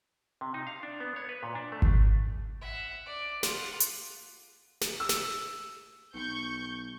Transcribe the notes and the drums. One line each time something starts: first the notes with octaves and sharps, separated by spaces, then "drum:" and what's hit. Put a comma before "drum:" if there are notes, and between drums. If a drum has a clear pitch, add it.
C3
D#4
F5
D4
B3
C#5
B4
A#2
D4
A3
drum: kick G#1
E5 F#5
D5
F4 F#5, drum: snare
drum: hi-hat
drum: snare
E6
drum: snare
B1 C#6 G6